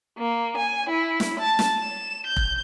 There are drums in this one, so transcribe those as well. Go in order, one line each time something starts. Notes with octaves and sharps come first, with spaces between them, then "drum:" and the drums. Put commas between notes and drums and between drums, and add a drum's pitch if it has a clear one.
A#3
G#5
E4
drum: snare
A5
drum: snare
E7
G6
drum: kick F1